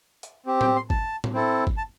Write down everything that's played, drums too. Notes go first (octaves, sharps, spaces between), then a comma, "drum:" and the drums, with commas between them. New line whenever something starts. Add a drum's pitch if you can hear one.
drum: hi-hat
C4 G4
G5, drum: tom A2
C6
A5, drum: kick
drum: tom A2
C4 E4 A4
drum: kick
A5